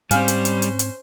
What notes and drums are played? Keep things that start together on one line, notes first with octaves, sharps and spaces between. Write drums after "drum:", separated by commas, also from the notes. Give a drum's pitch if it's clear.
G#2 G3 C4 C#4 C5 F5 G#5 F6, drum: hi-hat
drum: hi-hat
drum: hi-hat
drum: hi-hat
drum: hi-hat